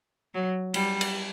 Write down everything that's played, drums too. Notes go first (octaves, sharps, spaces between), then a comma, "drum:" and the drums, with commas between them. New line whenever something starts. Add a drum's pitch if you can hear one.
F#3
G3, drum: cymbal
drum: cymbal